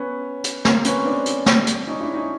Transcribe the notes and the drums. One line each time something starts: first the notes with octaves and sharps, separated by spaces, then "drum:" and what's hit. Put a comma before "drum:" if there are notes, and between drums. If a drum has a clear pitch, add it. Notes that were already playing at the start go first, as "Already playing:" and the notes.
Already playing: B3 C#4
drum: hi-hat
A#3 C4, drum: snare
B3 C#4, drum: hi-hat
C4 D4
drum: hi-hat
drum: snare
drum: hi-hat
C#4 D#4
D4 E4
C#4 D#4